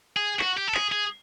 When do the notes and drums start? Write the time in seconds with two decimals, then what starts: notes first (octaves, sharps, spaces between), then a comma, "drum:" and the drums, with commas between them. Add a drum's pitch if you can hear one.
0.17 G#4
0.39 F#4, drum: clap
0.57 G4
0.67 A4
0.75 G#4, drum: clap
0.92 G#4